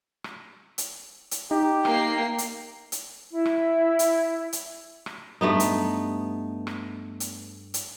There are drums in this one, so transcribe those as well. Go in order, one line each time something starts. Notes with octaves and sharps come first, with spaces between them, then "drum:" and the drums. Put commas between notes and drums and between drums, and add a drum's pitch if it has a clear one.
drum: rim click
drum: hi-hat
drum: hi-hat
D#4 G4
A#3 G5 C7, drum: rim click
drum: hi-hat
drum: hi-hat
E4
drum: rim click
drum: hi-hat
drum: hi-hat
drum: rim click
G2 A3 B3 D#4
drum: hi-hat
drum: rim click
drum: hi-hat
drum: hi-hat